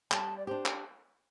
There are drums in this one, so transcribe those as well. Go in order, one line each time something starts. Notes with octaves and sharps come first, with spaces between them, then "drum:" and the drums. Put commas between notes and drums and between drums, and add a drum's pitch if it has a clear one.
G3 A5, drum: clap
D5
D4 G4 C5
drum: clap